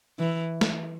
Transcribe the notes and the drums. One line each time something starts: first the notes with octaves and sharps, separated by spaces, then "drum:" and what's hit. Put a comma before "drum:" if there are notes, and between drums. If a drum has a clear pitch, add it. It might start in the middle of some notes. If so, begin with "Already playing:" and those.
E3
drum: snare